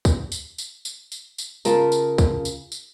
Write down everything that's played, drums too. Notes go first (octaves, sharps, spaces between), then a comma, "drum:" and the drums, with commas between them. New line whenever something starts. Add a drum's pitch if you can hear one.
drum: kick, tambourine
drum: tambourine
drum: tambourine
drum: tambourine
drum: tambourine
drum: tambourine
C#3 F4 A#4 A5, drum: tambourine
drum: tambourine
drum: kick, tambourine
drum: tambourine
drum: tambourine